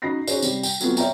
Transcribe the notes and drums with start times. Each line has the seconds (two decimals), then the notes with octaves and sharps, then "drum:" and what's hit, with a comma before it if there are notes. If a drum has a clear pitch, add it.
0.02 C#3 D#4 F#4 B5 A#6 C7
0.28 C#4 D#4 F#4 G#4 C5 C#5, drum: tambourine
0.42 C3 G3, drum: tambourine
0.63 G5, drum: tambourine
0.81 F#3 A3 B3 C4 F4, drum: tambourine
0.97 C#5 E5 F5 G5 A#5, drum: tambourine